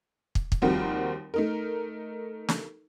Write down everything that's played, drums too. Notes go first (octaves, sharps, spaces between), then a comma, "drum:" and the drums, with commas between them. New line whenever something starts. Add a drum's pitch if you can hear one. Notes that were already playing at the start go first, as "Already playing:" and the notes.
drum: kick
drum: kick
D#2 F3 G3 C4 F#4 A#4
A3 D#4 A#4
drum: snare